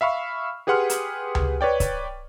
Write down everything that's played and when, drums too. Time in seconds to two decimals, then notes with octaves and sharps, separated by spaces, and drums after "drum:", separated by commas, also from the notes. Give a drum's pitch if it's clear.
0.01 E5 F5 B5 C#6 F6
0.67 G4 G#4 B4 F#5 C6 F6
0.90 drum: hi-hat
1.35 drum: tom C#2
1.61 B4 C#5 D5 G5
1.80 drum: kick C#1, hi-hat